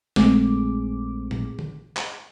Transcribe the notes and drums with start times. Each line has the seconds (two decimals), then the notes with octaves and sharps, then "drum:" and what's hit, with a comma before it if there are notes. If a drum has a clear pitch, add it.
0.16 A#1 G#3 A3 C4 G#4 D6, drum: snare
1.31 drum: tom A#2
1.59 drum: tom D3
1.97 drum: clap